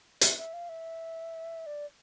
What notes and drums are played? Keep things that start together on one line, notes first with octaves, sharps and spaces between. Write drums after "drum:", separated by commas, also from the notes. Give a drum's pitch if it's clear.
E5, drum: hi-hat
E5
F5
E5
D5